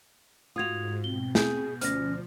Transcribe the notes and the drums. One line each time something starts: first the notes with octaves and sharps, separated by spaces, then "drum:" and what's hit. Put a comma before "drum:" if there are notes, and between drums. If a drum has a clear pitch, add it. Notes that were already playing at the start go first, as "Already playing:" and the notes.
G#2 F4 F#4 D#6 G#6 F7
B2 C4 G7
G#4 G6, drum: snare
D2 F3 C#4 F6 A#6, drum: hi-hat